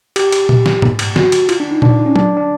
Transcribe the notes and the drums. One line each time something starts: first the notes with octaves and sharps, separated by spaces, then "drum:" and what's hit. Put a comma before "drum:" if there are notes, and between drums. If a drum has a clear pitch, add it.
G4, drum: cymbal
drum: cymbal
drum: tom A#2
drum: snare
drum: tom
drum: cymbal
F#4, drum: snare
drum: cymbal
F4, drum: cymbal
D4
D#4
D4, drum: tom A#2
C#4
D4, drum: tom F#3
D4